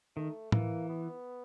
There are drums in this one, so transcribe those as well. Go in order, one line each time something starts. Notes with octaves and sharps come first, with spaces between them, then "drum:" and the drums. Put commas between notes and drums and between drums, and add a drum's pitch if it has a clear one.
D#3 A3
E3 A#3, drum: tom A2
B3